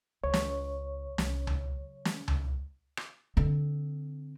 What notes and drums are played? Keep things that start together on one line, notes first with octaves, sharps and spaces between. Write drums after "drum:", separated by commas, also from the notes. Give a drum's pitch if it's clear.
C#2 C#5
drum: snare
C2, drum: snare
C#3 F#3, drum: tom C#2
drum: snare
drum: tom C#2
drum: rim click
D3 C4